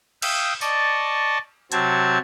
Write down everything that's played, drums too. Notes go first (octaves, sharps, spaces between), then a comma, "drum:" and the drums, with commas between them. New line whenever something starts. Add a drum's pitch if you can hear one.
E5 F5 G5 D#6, drum: cymbal
D5 D#5 A5 C#6, drum: tambourine
C3 F#3 C4 A5 G#6, drum: hi-hat